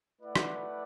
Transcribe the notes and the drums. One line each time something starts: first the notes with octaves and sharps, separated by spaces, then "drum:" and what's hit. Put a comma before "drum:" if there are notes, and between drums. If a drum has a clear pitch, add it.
A3 E4 B4 D5 F#5
drum: rim click